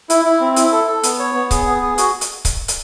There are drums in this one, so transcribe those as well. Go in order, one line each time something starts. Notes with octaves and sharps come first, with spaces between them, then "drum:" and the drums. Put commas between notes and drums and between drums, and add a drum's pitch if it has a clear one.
E4, drum: hi-hat
E4
C4
E4, drum: hi-hat
A4
A4
B3, drum: hi-hat
C#5
B3
G#4, drum: kick C#1, hi-hat
B3
G#4
F#4, drum: hi-hat
drum: hi-hat
drum: kick C#1, hi-hat
drum: hi-hat